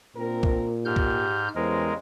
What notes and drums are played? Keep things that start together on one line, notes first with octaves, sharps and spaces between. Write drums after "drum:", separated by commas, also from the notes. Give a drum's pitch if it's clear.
A#2 C4 D4 A#4
drum: kick
G#2 G4 F6 G6
drum: kick
E2 C#3 G3 G#3 A#4 C5